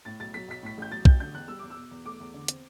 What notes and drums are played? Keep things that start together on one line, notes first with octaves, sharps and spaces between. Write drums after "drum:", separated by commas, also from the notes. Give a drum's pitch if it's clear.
A2 A6
B1 A6
F#3 B6
B1 B6
A2 B6
A1 G6
F#3 A6
A1 G6, drum: kick
D3 G6
E2 F#6
G3 E6
E2 D6
E6
B2
E2
A3 D6
E2
D3
C4, drum: hi-hat